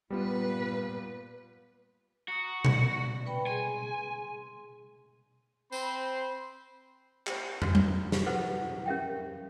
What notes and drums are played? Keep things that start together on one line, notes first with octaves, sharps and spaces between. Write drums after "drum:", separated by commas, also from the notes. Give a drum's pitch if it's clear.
A#2 G3 B3 F4 B4
F#4 A#5 D#6
D5, drum: tom A#2
B4 G5 B5
G#4 G#5 C6
C4 C5 B5, drum: tambourine
G4 C5, drum: clap
F#4, drum: tom
drum: tom F#3
G4, drum: snare
A4 B4 C5 D#5 F#5
C#4 G4 A#4 E5 F5 G5